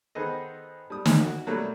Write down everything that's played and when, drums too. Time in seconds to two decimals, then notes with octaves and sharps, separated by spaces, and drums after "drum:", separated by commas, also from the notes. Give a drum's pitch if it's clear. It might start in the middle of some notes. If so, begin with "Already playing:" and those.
0.15 D#3 B3 G#4 A4 C5 D#5
0.90 G3 D#6
1.05 drum: snare
1.21 F#4
1.46 B2 F#3 G3 A3 A#3